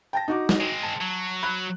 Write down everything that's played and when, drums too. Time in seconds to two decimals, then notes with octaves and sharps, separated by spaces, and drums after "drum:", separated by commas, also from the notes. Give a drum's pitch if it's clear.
0.13 G5 A5 A#6
0.28 D#4 F#4 D6
0.49 drum: snare
0.60 G#3 C4
0.83 A5
1.01 F#3
1.43 B5 F#6